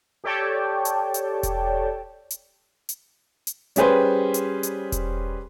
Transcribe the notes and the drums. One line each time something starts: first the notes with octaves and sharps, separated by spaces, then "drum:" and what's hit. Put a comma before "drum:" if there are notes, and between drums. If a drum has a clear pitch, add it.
G4 A4 C#5 D5 G5 A5
drum: hi-hat
drum: hi-hat
drum: kick E1, hi-hat
drum: hi-hat
drum: hi-hat
drum: hi-hat
G3 C#4 G4 G#4 B4 C5, drum: hi-hat
drum: hi-hat
drum: hi-hat
drum: kick E1, hi-hat